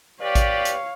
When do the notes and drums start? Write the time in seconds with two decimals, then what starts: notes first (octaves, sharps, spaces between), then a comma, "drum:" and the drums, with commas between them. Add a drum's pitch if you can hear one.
0.21 G4 B4 C#5 D5 F5
0.35 drum: kick A1, hi-hat
0.65 drum: hi-hat